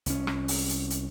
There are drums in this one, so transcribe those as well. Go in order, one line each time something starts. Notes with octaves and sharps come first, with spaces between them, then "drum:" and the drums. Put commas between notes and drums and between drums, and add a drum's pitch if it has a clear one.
C2 C#4, drum: hi-hat
drum: rim click
drum: open hi-hat
drum: hi-hat
drum: hi-hat